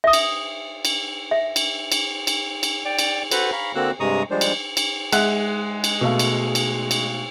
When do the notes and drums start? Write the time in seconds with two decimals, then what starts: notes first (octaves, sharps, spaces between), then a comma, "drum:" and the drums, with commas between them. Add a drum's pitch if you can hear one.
0.04 E5 D#6
0.13 drum: cymbal
0.85 drum: cymbal
1.31 E5
1.56 drum: cymbal
1.92 drum: cymbal
2.27 drum: cymbal
2.63 drum: cymbal
2.85 D5 G5
2.99 drum: cymbal
3.31 F#4 A4 B4 C5 F#5, drum: cymbal
3.52 F5 A#5 B5 C#6
3.75 D3 A#3 C4 F#4 E6 F#6
4.00 G2 C3 G#3 A#5 C#6 D#6
4.31 F3 G3 G#3 D4 C5
4.41 drum: cymbal
4.77 drum: cymbal
5.12 G#3 E5 F#5 F#6, drum: cymbal
5.84 drum: cymbal
6.01 B2 A3 F5
6.19 drum: cymbal
6.55 drum: cymbal
6.91 drum: cymbal